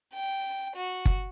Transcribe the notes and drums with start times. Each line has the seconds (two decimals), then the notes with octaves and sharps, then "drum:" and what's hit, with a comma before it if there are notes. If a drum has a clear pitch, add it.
0.14 G5
0.76 F#4
1.05 drum: kick